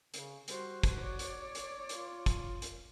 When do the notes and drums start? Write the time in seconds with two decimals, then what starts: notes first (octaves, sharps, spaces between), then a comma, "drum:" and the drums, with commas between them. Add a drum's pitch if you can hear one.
0.14 C#3, drum: hi-hat
0.48 G3 F#4 C5, drum: hi-hat
0.83 drum: kick, hi-hat
0.98 C#5 D5
1.19 drum: hi-hat
1.55 drum: hi-hat
1.89 F4, drum: hi-hat
2.26 drum: kick, hi-hat
2.62 drum: hi-hat